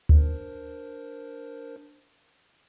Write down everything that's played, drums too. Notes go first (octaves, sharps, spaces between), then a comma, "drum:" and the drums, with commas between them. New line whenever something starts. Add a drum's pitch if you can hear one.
D4 A#4 C5, drum: kick D2